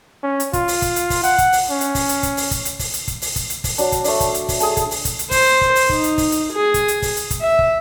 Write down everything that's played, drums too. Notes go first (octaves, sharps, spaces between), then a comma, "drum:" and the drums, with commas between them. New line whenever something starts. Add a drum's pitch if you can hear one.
C#4
drum: hi-hat
F4, drum: kick, hi-hat
drum: open hi-hat
drum: kick, hi-hat
drum: hi-hat
drum: kick, open hi-hat
F#5, drum: hi-hat
drum: kick, hi-hat
drum: open hi-hat
C#4
drum: hi-hat
drum: kick, open hi-hat
drum: hi-hat
drum: kick, hi-hat
drum: open hi-hat
drum: kick, hi-hat
drum: hi-hat
drum: kick, open hi-hat
drum: hi-hat
drum: kick, hi-hat
drum: open hi-hat
drum: kick, hi-hat
drum: hi-hat
drum: kick, open hi-hat
F#3 D4, drum: hi-hat
drum: kick, hi-hat
A3 D4, drum: open hi-hat
drum: kick, hi-hat
drum: hi-hat
drum: kick, open hi-hat
G#4 A4 A5, drum: hi-hat
drum: kick, hi-hat
drum: open hi-hat
drum: kick, hi-hat
drum: hi-hat
C5, drum: kick, open hi-hat
drum: kick
drum: open hi-hat
D#4, drum: kick
drum: hi-hat
drum: kick, open hi-hat
drum: hi-hat
G#4
drum: kick, hi-hat
drum: hi-hat
drum: kick, open hi-hat
drum: hi-hat
drum: kick, hi-hat
E5
drum: kick